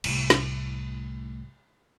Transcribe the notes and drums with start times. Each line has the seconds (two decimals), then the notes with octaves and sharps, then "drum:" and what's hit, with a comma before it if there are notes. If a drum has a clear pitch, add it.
0.04 C2 A2, drum: cymbal
0.30 drum: snare